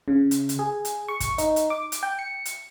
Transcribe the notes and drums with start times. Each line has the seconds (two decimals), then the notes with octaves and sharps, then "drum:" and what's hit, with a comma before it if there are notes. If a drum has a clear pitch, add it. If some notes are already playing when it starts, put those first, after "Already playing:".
0.08 C#3
0.31 drum: hi-hat
0.49 drum: hi-hat
0.59 G#4
0.85 drum: hi-hat
1.08 C#6
1.20 drum: kick, hi-hat
1.38 D#4, drum: hi-hat
1.56 drum: hi-hat
1.70 D6
1.92 drum: hi-hat
2.03 G5
2.19 C#7
2.45 drum: hi-hat